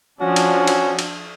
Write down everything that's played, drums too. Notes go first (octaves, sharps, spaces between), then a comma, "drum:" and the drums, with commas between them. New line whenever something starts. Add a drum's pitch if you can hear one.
F3 C#4 D4 F#4
drum: cymbal
drum: cymbal
drum: cymbal